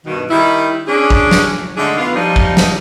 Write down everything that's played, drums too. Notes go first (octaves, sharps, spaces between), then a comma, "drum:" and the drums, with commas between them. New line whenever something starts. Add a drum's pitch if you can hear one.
G2 B2 D#3
D#3 G3 D#4 E4
C#4 D4 G#4
drum: kick
drum: snare
D3 G#3 A3 D4 D#4 G#4
B3 F4
F3 G3 D#4
drum: kick
drum: snare